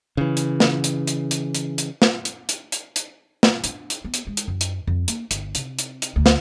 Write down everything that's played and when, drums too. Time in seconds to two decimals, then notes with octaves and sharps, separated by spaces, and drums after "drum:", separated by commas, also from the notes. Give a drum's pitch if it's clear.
0.17 C#3 E3
0.37 drum: hi-hat
0.60 drum: snare
0.84 drum: hi-hat
1.07 drum: hi-hat
1.31 drum: hi-hat
1.55 drum: hi-hat
1.78 drum: hi-hat
2.02 drum: snare
2.25 drum: hi-hat
2.49 drum: hi-hat
2.72 drum: hi-hat
2.96 drum: hi-hat
3.43 drum: snare
3.64 D4, drum: hi-hat
3.90 drum: hi-hat
4.05 B3
4.14 drum: hi-hat
4.27 G#3
4.37 drum: hi-hat
4.48 F#2
4.61 drum: hi-hat
4.87 F2
5.08 A#3, drum: hi-hat
5.31 G1, drum: hi-hat
5.55 C3, drum: hi-hat
5.79 drum: hi-hat
6.02 drum: hi-hat
6.16 D2
6.26 drum: snare